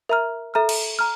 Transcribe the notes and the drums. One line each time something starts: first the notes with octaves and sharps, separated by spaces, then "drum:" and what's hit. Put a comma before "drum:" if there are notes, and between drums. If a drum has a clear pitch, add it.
A#4 E5 A#5 F6
A4 E5 A#5 F6
drum: cymbal
A#5 F6